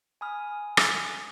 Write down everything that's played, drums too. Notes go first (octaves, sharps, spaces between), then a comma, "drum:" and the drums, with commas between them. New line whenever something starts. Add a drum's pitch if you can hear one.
G#5 B5 D#6 F6
drum: rim click